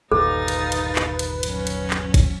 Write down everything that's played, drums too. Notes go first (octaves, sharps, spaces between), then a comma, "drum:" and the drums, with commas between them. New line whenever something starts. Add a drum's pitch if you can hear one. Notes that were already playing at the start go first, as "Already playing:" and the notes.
G1 D#2 A#2 D#4 A4 B4 F5 A6
drum: cymbal
drum: cymbal
drum: clap
drum: cymbal
F#3 C#4, drum: cymbal
drum: cymbal
drum: clap
drum: kick G#1, cymbal